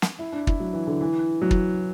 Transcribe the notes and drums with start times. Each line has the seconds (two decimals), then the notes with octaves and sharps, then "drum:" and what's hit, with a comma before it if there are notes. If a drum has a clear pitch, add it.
0.02 drum: snare
0.19 E4
0.32 D4
0.47 E4, drum: kick
0.60 F#3
0.73 E3
0.87 D3
1.01 E3
1.42 F#3
1.51 drum: kick